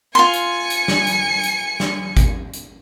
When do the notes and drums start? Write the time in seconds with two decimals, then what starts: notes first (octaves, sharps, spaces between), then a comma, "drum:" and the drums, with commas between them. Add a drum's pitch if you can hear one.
0.15 F4 G#5 C6 C#7
0.33 drum: hi-hat
0.70 drum: hi-hat
0.88 drum: snare
1.07 drum: hi-hat
1.43 drum: hi-hat
1.80 drum: snare
2.17 drum: kick G#1, hi-hat
2.53 drum: hi-hat